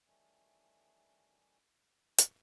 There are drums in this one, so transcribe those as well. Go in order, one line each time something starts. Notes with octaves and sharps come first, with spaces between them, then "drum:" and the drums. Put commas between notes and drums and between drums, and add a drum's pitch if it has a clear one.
D#3 E3 G3 A3 C#4
drum: hi-hat